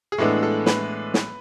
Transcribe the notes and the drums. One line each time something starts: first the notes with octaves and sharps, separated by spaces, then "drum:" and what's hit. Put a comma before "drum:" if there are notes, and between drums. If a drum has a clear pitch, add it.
G#4
A2 E3 G#3 B3 D4 A4
A4
B4, drum: snare
drum: snare